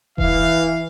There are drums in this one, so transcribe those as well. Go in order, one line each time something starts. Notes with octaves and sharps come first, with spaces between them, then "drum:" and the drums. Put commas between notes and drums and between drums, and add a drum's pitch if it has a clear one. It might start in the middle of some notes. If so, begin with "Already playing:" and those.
E3 F5, drum: kick D#1